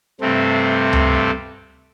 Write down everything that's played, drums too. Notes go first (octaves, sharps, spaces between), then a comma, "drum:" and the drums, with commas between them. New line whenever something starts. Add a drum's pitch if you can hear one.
G2 C3 A3 C4
drum: tom C#2